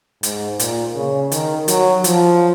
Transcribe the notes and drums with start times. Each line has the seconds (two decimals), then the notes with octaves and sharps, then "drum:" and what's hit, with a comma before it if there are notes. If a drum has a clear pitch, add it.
0.23 G#2, drum: hi-hat
0.59 A#2, drum: hi-hat
0.95 C#3
1.32 D#3, drum: hi-hat
1.68 F#3, drum: hi-hat
2.04 F3, drum: hi-hat